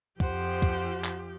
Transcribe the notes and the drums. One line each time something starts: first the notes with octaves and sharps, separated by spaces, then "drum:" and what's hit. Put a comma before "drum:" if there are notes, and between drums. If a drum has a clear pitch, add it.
F2 F3 G4 C5 F#5, drum: kick
drum: kick
drum: clap